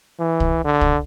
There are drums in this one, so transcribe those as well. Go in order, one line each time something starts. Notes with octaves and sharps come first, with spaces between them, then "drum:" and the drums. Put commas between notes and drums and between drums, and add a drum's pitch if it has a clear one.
E3
drum: kick
D3
drum: kick